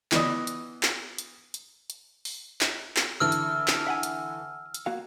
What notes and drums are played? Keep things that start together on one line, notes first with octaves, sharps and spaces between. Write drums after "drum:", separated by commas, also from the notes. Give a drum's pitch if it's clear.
E3 B3 D5 D#5, drum: clap
drum: hi-hat
drum: clap
drum: hi-hat
drum: hi-hat
drum: hi-hat
drum: open hi-hat
drum: clap
drum: clap
D3 E3 A4 E6 F6
drum: hi-hat
drum: clap
E5 F#5 G#5
drum: hi-hat
drum: hi-hat
A#3 F#4 F5